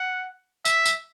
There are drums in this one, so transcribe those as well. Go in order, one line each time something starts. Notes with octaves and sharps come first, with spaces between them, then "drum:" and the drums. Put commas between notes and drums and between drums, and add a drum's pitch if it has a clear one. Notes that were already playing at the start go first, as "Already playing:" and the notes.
Already playing: F#5
E5, drum: tambourine
drum: tambourine